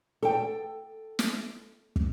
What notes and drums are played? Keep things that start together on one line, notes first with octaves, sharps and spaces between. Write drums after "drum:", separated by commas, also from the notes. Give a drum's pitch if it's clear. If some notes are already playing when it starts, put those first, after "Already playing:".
A4 G5
drum: snare
drum: kick